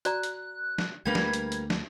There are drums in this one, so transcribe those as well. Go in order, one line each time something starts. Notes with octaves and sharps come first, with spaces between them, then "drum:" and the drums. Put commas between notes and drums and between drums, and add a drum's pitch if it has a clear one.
F#4 D5 A#5 F#6, drum: hi-hat
drum: hi-hat
drum: snare
D2 G3 A3 A#3 D4 B4 G#6
drum: snare
drum: hi-hat
drum: hi-hat
drum: snare